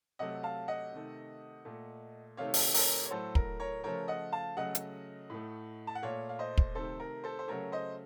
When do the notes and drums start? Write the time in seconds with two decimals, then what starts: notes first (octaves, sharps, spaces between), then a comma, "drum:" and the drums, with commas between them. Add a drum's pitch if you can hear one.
0.19 C3 F#3 A3 D#5 F#5
0.43 F5 A5
0.68 D#5 F#5
0.93 C3 D#3 A3
1.65 A#2 A3
2.37 C3 D#3 A3 C#5 F5
2.54 drum: open hi-hat
2.74 A#4 C#5, drum: open hi-hat
3.05 C#5
3.11 A2 F#3 A3 A4 C5
3.35 A#4, drum: kick
3.60 A#4 C#5
3.83 C#3 F3 A3 A#4 C#5
4.08 D#5 F#5
4.32 F5 A5
4.57 C#3 F#3 A3 D#5 F#5
4.75 drum: hi-hat
5.30 A2 A3
5.87 A5
5.95 F#5
6.02 A#2 A3 C#5 F5
6.29 F5
6.39 C5 D#5
6.58 drum: kick
6.75 C3 D#3 A3 A4 C5
7.00 A#4
7.24 A4 C5
7.39 C5
7.48 C#3 F#3 A3 A#4 C#5
7.72 C5 D#5